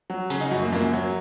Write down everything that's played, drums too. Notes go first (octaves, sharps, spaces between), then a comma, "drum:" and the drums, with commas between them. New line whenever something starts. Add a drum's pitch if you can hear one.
F#3
C#3 C#4, drum: hi-hat
D#4
F#2 F#4
A#3
F#2 A#3, drum: snare
F#3